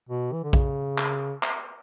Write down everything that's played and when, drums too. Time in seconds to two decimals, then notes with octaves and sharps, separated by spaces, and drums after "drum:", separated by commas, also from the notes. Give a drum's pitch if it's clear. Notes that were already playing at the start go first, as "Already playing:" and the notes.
0.09 B2
0.33 E3
0.43 D3
0.53 C#3, drum: kick A#1
0.98 drum: clap
1.43 drum: clap